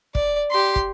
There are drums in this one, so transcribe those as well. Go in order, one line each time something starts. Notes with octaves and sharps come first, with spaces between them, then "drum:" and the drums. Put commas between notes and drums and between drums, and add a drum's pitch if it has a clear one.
D5, drum: kick
G4 C6
drum: kick